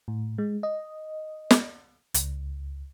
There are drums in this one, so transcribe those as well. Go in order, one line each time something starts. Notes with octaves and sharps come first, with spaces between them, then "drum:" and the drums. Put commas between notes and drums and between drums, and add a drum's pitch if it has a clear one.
A2
G#3
D#5
drum: snare
C#2, drum: hi-hat